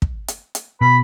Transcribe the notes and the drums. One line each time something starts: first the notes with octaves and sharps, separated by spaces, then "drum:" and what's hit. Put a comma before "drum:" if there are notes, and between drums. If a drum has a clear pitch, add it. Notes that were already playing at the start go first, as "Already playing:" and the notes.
drum: kick
drum: hi-hat
drum: hi-hat
B2 B5